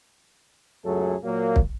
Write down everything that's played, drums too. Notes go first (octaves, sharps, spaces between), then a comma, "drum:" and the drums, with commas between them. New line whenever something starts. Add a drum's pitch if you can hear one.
C#2 F#2 F#3 A3 G#4 A4
A#2 F#3 A#3
drum: kick